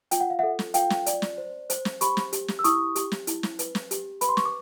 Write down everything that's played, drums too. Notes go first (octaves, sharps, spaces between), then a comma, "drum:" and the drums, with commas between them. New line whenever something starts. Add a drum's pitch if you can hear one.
F4 G5, drum: hi-hat
F#5
F5
A4 E5 F#5
drum: snare
F4 F5 G5, drum: hi-hat
drum: snare
D5, drum: hi-hat
drum: snare
C5
C5, drum: hi-hat
drum: snare
G4 B5 C#6, drum: hi-hat
drum: snare
G4, drum: hi-hat
drum: snare
E6
E4 C#6 D#6, drum: hi-hat
G4, drum: hi-hat
drum: snare
E4, drum: hi-hat
drum: snare
B4, drum: hi-hat
drum: snare
G4, drum: hi-hat
B4 B5, drum: hi-hat
C6
C#6, drum: snare
D6